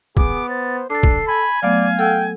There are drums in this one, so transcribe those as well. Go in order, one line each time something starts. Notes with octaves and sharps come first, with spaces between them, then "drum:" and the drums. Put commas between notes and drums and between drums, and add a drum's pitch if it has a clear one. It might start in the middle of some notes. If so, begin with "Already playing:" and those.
B3 G#4 D6, drum: kick
C5 A6
D4 A4 D6 A6 C7
drum: kick
G#5 B5
F#3 A3 B3 D5 F5
A4 F#5 G5 E6